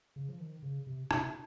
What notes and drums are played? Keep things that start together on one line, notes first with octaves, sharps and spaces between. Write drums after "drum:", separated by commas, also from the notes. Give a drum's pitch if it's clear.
C#3
F3
D#3
C#3
C3
C3, drum: rim click